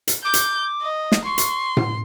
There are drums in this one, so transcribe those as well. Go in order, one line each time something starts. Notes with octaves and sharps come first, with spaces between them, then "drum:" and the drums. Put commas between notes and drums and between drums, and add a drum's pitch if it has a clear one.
drum: hi-hat
D6 G6
drum: hi-hat
D#5
drum: snare
C6 C#6
drum: hi-hat
drum: tom A2